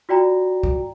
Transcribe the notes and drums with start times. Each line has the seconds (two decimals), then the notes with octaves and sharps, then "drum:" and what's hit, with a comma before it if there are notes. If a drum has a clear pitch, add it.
0.09 F4 F#4 D5 G5 A#5
0.63 drum: kick